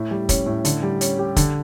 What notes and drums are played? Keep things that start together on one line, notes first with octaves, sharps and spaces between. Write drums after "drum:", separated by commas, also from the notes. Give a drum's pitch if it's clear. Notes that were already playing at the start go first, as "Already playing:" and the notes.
Already playing: A2
G3
C#4, drum: kick, hi-hat
A2
D3, drum: hi-hat
G3
C#4, drum: hi-hat
G4
D3, drum: kick, hi-hat